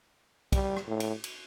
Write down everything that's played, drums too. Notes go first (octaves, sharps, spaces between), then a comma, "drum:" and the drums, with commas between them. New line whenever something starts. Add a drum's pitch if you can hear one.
G3, drum: kick, cymbal
drum: rim click
A2
drum: cymbal
drum: cymbal